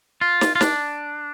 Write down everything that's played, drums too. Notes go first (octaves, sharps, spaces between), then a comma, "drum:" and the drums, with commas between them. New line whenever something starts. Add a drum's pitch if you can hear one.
F4
drum: snare
F4
D4, drum: snare